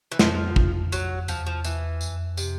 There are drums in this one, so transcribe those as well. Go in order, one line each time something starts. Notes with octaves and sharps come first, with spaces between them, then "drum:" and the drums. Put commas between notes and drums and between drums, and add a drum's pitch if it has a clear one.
E3
F2 F3, drum: snare
drum: kick
F#3, drum: tambourine
E2 F3, drum: tambourine
F3
E3, drum: tambourine
F2, drum: tambourine
C3, drum: tambourine